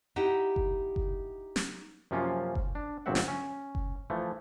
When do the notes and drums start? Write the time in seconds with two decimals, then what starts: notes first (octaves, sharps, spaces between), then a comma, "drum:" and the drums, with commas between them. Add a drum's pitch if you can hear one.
0.16 D#4 E4 G4 F#5
0.56 drum: kick F#1
0.96 drum: kick F#1
1.56 drum: snare
2.11 F#2 C3 F3 A#3 C#4 F4
2.55 drum: kick F#1
2.75 D4
3.06 G1 A#2 F#3 C4 E5 F#5
3.15 drum: snare
3.28 C#4
3.75 drum: kick F#1
4.10 E3 F3 A3